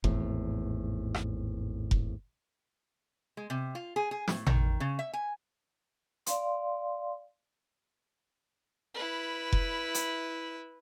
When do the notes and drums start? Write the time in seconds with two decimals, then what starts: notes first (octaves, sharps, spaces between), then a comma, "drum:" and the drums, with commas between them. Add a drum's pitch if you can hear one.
0.04 G#1 E2 A2, drum: kick F1
1.14 drum: rim click
1.91 drum: kick F1
3.37 G#3
3.50 C3
3.75 F4
3.96 G#4
4.11 G#4
4.28 A2, drum: snare
4.47 D#3, drum: tom A1
4.80 C#3
4.99 E5
5.13 G#5
6.26 D5 F5 C6, drum: hi-hat
8.94 E4 B4
9.53 drum: kick F1
9.94 drum: hi-hat